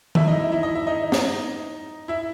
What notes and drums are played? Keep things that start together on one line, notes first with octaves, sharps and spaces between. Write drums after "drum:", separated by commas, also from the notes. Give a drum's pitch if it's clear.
E4 E5, drum: tom D#3
D#4 D#5
E4 E5
E4 E5
D#5
E5
D#4 D#5
D#4 D#5, drum: snare
E4 E5